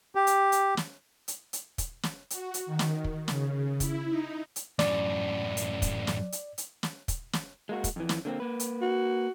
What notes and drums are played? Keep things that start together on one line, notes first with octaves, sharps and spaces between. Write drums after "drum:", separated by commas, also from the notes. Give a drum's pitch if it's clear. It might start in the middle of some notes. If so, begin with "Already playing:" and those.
G4
drum: hi-hat
drum: hi-hat
drum: snare
drum: hi-hat
drum: hi-hat
drum: kick, hi-hat
drum: snare
F#4, drum: hi-hat
drum: hi-hat
D#3
drum: snare
drum: kick
C#3, drum: snare
E4, drum: kick, hi-hat
D#4
drum: hi-hat
F#2 A2 D5, drum: snare
drum: hi-hat
drum: kick, hi-hat
drum: snare
drum: hi-hat
drum: hi-hat
drum: snare
drum: kick, hi-hat
drum: snare
G#3 A#3 F#4
drum: kick, hi-hat
F2 E3
drum: snare
D3 A#3 C4
A#3 B4
drum: hi-hat
F#4